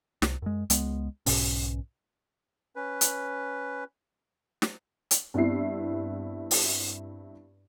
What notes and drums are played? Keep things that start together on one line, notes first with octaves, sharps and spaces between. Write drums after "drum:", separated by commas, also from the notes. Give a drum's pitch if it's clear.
C2, drum: snare
F#2 G#3
C#2 G#3 B3, drum: hi-hat
B1 G#2 B2 C#4, drum: open hi-hat
C#4 B4
drum: hi-hat
drum: snare
drum: hi-hat
G2 B3 C4 E4 C7
drum: open hi-hat